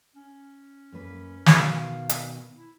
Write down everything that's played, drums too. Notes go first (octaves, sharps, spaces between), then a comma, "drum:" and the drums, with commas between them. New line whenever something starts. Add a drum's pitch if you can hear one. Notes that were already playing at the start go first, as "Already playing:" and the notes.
C#4
F#2 A#3 B4
B2 D#3 F5, drum: snare
drum: hi-hat
E4